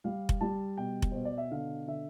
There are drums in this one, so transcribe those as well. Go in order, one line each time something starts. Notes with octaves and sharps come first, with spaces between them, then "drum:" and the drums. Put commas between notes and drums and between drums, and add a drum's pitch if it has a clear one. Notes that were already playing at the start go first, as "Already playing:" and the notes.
G3 F5
drum: kick F1
G3 A5
B2 G5
drum: kick F1
B2 C5
D5
E5
D3 F5
D3 E5